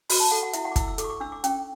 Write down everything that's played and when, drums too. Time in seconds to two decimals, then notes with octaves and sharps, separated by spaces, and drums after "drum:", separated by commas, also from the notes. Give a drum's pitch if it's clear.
0.09 F#4 B5, drum: open hi-hat
0.20 A5
0.31 A4 F#5
0.43 F#5
0.53 E4 E5, drum: hi-hat
0.65 F#5
0.72 D6
0.76 E4 E6, drum: kick, hi-hat
0.88 E6
0.98 A4 D6, drum: hi-hat
1.04 C#6
1.10 D6
1.20 D4 E6
1.32 D6
1.44 C#4 G5, drum: hi-hat